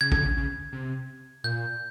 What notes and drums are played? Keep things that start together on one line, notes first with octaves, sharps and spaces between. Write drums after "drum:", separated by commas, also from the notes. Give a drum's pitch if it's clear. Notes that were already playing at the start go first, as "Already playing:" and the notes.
C#3 G#6
D3, drum: kick A1
C#3
C#3
C3
A#2 G6